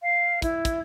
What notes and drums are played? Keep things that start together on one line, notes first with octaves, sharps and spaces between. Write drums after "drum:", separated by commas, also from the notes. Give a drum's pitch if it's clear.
F5
E4, drum: kick, hi-hat
drum: kick, hi-hat